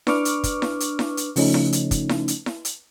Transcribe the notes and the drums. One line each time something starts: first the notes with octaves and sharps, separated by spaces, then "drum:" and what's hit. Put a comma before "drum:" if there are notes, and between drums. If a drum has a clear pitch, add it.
D4 B4 C#6 D6 F6, drum: snare E4
drum: hi-hat
drum: kick, hi-hat
drum: snare E4
drum: hi-hat
drum: snare E4
drum: hi-hat
C#3 F3 A3 C#4 D#4, drum: open hi-hat
drum: snare E4
drum: hi-hat
drum: kick, hi-hat
drum: snare E4
drum: hi-hat
drum: snare E4
drum: hi-hat